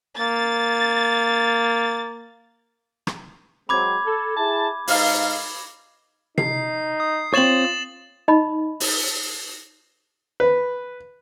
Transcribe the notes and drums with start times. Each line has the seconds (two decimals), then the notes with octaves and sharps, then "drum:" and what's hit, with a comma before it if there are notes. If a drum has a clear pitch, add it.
0.19 A#3 A6
3.07 drum: rim click
3.69 F#3 G#3 C4 B5 D6 G#6
4.06 A4
4.37 E4 G#4 A5
4.87 G#2 D#4 F5, drum: open hi-hat
6.38 D#4 C7, drum: tom C3
7.00 D#6
7.34 C4 F4 C#5 A6 E7 F#7
8.28 D#4 D#5 B5
8.80 drum: open hi-hat
10.40 B4